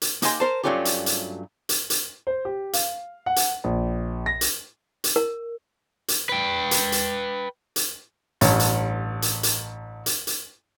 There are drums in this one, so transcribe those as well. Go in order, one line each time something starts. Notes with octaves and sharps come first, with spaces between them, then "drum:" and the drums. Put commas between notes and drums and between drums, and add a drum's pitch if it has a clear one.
drum: hi-hat
A#3 D#4 G4 D#5 G#5 C6, drum: hi-hat
A#4 C5 A5
G2 F#3 A3 C#4 F4 G4
drum: hi-hat
drum: hi-hat
drum: hi-hat
drum: hi-hat
C5
G4
F5, drum: hi-hat
F#5
drum: hi-hat
A#1
A#6
drum: hi-hat
drum: hi-hat
A#4
drum: hi-hat
B4 G5
drum: hi-hat
drum: hi-hat
drum: hi-hat
A1 G2 C#5, drum: hi-hat
drum: hi-hat
drum: hi-hat
drum: hi-hat
drum: hi-hat
drum: hi-hat